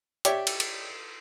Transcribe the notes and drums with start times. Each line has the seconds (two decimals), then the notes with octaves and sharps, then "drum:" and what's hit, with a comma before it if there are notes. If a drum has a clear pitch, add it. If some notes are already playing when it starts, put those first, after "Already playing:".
0.25 G4 C#5 D5 E5, drum: hi-hat
0.47 drum: cymbal
0.60 drum: cymbal